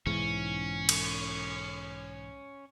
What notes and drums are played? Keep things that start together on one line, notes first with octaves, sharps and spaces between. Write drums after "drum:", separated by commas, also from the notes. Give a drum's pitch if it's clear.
B1 G#2 E3 C#4
drum: cymbal